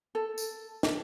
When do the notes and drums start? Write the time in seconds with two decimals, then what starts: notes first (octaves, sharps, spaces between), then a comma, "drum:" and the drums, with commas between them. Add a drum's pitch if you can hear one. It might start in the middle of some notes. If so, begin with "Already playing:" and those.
0.15 A4
0.38 drum: tambourine
0.83 drum: snare